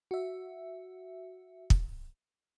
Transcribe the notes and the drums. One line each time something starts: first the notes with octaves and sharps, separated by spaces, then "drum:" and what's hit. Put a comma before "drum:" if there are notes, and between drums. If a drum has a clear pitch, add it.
F#4 E5
drum: kick